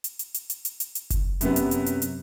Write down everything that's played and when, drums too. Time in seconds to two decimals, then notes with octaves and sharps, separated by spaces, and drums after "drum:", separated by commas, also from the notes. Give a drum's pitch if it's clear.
0.04 drum: hi-hat
0.19 drum: hi-hat
0.34 drum: hi-hat
0.50 drum: hi-hat
0.65 drum: hi-hat
0.80 drum: hi-hat
0.95 drum: hi-hat
1.10 drum: kick F#1, hi-hat
1.41 F#2 C3 B3, drum: hi-hat
1.56 drum: hi-hat
1.71 drum: hi-hat
1.86 drum: hi-hat
2.02 drum: hi-hat